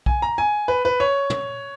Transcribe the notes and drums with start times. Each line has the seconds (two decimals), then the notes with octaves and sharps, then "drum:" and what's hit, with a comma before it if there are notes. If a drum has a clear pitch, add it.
0.06 G#5, drum: kick B1
0.22 A#5
0.38 G#5
0.68 B4
0.85 B4
1.00 C#5
1.30 drum: tom